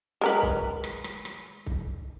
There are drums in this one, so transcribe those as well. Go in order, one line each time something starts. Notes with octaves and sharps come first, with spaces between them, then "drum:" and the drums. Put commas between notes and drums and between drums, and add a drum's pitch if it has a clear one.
G#3 A#4 B4
drum: kick
drum: rim click
drum: rim click
drum: rim click
drum: kick